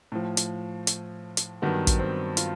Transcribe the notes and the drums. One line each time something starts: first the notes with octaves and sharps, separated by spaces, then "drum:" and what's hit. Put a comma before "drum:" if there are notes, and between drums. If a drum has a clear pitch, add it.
A2 F3
drum: hi-hat
drum: hi-hat
drum: hi-hat
G2 D#3 F#3 B3
drum: kick, hi-hat
C4
F4, drum: hi-hat